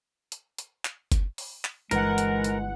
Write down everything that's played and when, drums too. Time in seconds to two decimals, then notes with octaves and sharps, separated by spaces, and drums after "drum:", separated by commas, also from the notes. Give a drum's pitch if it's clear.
0.32 drum: hi-hat
0.58 drum: hi-hat
0.85 drum: clap
1.12 drum: kick F#1, hi-hat
1.38 drum: open hi-hat
1.65 drum: clap
1.91 G1 E3 G#3 A#4 F#5, drum: hi-hat
2.18 drum: hi-hat
2.44 drum: hi-hat